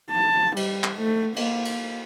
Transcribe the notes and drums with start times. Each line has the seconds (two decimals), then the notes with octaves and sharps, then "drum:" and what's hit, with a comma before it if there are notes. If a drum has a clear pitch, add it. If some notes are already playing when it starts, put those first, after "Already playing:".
0.11 A5
0.56 G3, drum: cymbal
0.84 drum: clap
1.00 A3
1.36 A#3, drum: cymbal
1.65 drum: cymbal